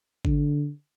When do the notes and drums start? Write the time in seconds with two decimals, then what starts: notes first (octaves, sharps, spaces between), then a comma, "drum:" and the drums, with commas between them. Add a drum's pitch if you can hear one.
0.25 D3, drum: kick G#1